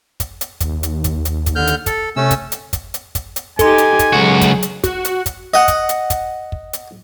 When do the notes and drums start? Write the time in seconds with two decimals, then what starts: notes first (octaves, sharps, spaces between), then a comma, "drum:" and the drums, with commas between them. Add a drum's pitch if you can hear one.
0.20 drum: kick, hi-hat
0.41 drum: hi-hat
0.60 D#2, drum: kick, hi-hat
0.83 drum: hi-hat
1.04 drum: kick, hi-hat
1.25 drum: hi-hat
1.46 drum: kick, hi-hat
1.55 D3 F6 G6
1.67 drum: hi-hat
1.86 A4, drum: kick, hi-hat
2.16 C3 A3 C#4 E6
2.31 drum: kick, hi-hat
2.52 drum: hi-hat
2.73 drum: kick, hi-hat
2.94 drum: hi-hat
3.15 drum: kick, hi-hat
3.36 drum: hi-hat
3.59 D#4 G4 A4 G#5 C6, drum: kick, hi-hat
3.78 drum: hi-hat
3.99 drum: kick, hi-hat
4.13 C#2 F#3 F#4 G#4
4.41 drum: kick, hi-hat
4.62 drum: hi-hat
4.84 F#4, drum: kick, hi-hat
5.05 drum: hi-hat
5.26 drum: kick, hi-hat
5.54 D#5 F#5
5.68 drum: kick, hi-hat
5.89 drum: hi-hat
6.10 drum: kick, hi-hat
6.52 drum: kick
6.73 drum: hi-hat